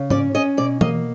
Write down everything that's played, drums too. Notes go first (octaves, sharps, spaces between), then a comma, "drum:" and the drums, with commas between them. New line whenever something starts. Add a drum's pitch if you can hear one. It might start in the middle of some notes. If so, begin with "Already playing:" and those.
Already playing: C#3
C#4 D5, drum: tom G#2
C#4 D#5
B2 D5
A#3 D#5, drum: tom E3